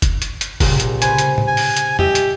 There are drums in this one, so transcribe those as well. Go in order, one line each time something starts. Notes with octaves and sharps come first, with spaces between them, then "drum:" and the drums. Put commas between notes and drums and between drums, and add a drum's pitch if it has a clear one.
drum: kick, hi-hat
drum: hi-hat
drum: hi-hat
C2 A#2 C#3, drum: kick, open hi-hat
drum: hi-hat
B4 C5 G#5, drum: hi-hat
drum: hi-hat
drum: tom
G#5
drum: open hi-hat
drum: hi-hat
G4 D#5 E5, drum: tom F2
drum: hi-hat